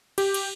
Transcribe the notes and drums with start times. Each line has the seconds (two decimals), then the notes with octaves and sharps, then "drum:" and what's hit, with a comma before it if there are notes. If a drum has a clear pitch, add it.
0.18 G4, drum: cymbal
0.34 drum: cymbal